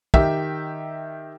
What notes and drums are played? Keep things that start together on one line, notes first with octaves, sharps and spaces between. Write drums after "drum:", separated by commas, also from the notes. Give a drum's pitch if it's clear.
D#3 G4 E5 B6, drum: kick